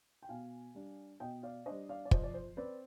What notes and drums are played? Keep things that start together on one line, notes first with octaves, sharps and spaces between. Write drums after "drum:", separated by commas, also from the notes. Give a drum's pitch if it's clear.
G5
B2 F5 G#5
G3 D4
B2 D#5 G5
D5 F5
G3 D4 C5 D#5
D5 F5
D5
F3 C5 D#5, drum: kick
D5
C5
C4 B4 D5